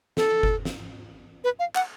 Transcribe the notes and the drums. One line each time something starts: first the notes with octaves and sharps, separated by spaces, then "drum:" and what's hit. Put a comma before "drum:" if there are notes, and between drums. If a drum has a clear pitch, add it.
A4, drum: snare
drum: kick F#1
drum: snare
B4
F5
F#5, drum: clap